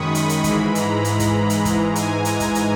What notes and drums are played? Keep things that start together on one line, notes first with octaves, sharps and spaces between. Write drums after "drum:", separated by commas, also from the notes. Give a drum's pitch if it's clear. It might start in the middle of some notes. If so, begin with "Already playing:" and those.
Already playing: F#2 D#3 G#3 B5 C#6 D#6
B5, drum: hi-hat
drum: hi-hat
G#2 E3 G#3 B5, drum: kick, hi-hat
A#5, drum: hi-hat
drum: hi-hat
drum: kick, hi-hat
drum: hi-hat
G#2 E3 G#3, drum: kick, hi-hat
G#5, drum: hi-hat
A#5, drum: hi-hat
drum: kick, hi-hat
drum: hi-hat